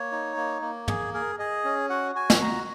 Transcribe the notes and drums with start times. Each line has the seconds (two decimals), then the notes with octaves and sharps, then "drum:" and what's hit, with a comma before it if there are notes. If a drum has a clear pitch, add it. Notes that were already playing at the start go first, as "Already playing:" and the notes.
Already playing: A#3 C#5
0.12 D#4
0.37 A#3
0.62 A#3
0.88 G#4, drum: tom
1.14 G#4 A#4
1.39 G#4 D#5
1.65 C#4
1.90 F#4 F#5
2.15 F#4 G#5
2.30 drum: snare
2.41 F#4 A#5